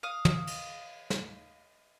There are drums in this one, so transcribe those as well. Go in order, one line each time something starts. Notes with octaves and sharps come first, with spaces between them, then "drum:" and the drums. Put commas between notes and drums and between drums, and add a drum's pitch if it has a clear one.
F5 D#6
drum: tom
drum: cymbal
drum: snare